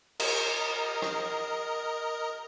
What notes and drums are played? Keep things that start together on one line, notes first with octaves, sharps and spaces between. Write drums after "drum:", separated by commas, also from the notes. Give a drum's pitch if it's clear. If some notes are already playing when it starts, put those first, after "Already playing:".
A#4 D#5, drum: cymbal
drum: rim click